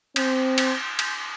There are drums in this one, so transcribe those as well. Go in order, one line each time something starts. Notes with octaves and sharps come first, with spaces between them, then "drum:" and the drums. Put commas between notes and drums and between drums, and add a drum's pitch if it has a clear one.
C4, drum: cymbal
drum: cymbal
drum: cymbal